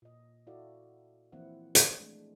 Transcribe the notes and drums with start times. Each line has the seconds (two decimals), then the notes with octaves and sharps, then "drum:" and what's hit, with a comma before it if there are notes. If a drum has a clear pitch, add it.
0.02 A#2 D#5
0.47 E4 F#4 A4 D5 F5
1.32 E3 F3 A#3 C4 E4 F#5
1.75 drum: hi-hat
1.99 G#3 A3 D4